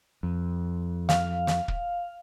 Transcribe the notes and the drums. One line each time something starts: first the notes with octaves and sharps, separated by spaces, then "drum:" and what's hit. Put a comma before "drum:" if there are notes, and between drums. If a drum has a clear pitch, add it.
F2
F5, drum: snare
drum: snare
drum: kick